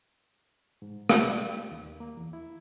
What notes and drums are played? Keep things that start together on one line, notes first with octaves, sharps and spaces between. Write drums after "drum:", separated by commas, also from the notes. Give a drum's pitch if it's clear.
G#2
G#3, drum: rim click
G4
D#2
A#3
E2
E4